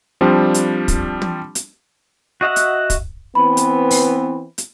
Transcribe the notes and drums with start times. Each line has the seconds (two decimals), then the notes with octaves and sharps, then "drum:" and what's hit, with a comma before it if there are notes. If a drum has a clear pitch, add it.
0.21 F3 G3 C4 D4
0.54 drum: hi-hat
0.88 drum: kick, hi-hat
1.22 drum: tom
1.55 drum: hi-hat
2.41 F#4 D#5 E5 F#5
2.56 drum: hi-hat
2.90 drum: kick, hi-hat
3.35 E3 B3 C4 B5
3.57 drum: hi-hat
3.91 drum: open hi-hat
4.58 drum: hi-hat